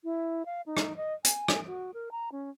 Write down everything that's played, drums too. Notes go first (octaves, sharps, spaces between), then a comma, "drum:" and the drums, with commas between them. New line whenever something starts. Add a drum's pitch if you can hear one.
E4
F5
D#4
drum: rim click
D#5
G#5, drum: hi-hat
drum: rim click
F#4
A#4
A#5
C#4